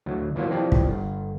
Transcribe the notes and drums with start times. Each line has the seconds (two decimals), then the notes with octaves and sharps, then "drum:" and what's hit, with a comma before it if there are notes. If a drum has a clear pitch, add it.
0.06 D2 F#3
0.36 E3 F#3 A#3 F4 C5
0.51 E3 F3 C4 G4 D5 A5
0.72 drum: kick
0.87 G1